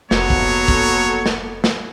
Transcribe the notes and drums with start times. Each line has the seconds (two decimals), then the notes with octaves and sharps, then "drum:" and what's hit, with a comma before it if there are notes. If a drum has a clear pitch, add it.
0.11 F1 F#3 A#3 B3 A4 C#5, drum: snare
0.30 drum: kick
0.68 drum: kick
1.26 drum: snare
1.64 drum: snare